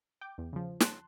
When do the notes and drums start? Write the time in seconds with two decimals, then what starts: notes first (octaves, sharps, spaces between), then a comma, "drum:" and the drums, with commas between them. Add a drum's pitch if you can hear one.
0.21 G5 D6 G6
0.38 E2
0.53 C#3 F3
0.80 A5 C6 F#6, drum: snare